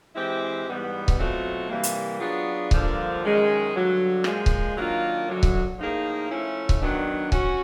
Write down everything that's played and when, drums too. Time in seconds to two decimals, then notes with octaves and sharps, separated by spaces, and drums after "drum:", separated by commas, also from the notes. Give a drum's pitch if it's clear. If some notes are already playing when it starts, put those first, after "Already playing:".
0.15 E3 G#3 C4 E4 G4
0.67 G#2 E3 G3 B3
1.08 drum: kick C#1
1.18 B2 F#3 A3 C4 F4
1.69 C3 E3 G3 A#3
1.83 drum: hi-hat
2.20 F#3 B3 D4 F4 G#4
2.71 G2 D3 F3 A#3 D4, drum: kick C#1
3.22 F#2 D#3 G#3 C#4
3.73 G2 D3 F#3
4.24 A#2 F3 G#3, drum: rim click
4.46 drum: kick C#1
4.75 D#3 F#3 A#3 D4 F4
5.26 F#2 D3 F#3
5.43 drum: kick C#1
5.78 A2 F3 A#3 D#4 G#4
6.29 F3 A3 C#4 E4
6.69 drum: kick C#1
6.81 D#3 F#3 B3 D4
7.32 C#4 F#4, drum: kick C#1